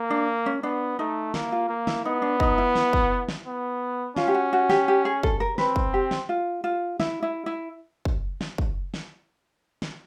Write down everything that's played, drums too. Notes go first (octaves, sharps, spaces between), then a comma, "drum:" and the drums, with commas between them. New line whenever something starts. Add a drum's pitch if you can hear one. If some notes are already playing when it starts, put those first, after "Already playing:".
Already playing: A#3
D4
C#4
B3 D4
A3 D#4
A#3 E4, drum: snare
F4
A#3
E4, drum: snare
B3 D#4
D4
D#4, drum: kick
E4
drum: snare
drum: kick
drum: snare
B3
C#4 F4, drum: snare
G4
F#4
F#4
G4, drum: snare
G4
G#4
A4, drum: kick
A#4
C4 B4, drum: snare
drum: kick
G4
drum: snare
F4
F4
E4, drum: snare
E4
E4
drum: kick
drum: snare
drum: kick
drum: snare
drum: snare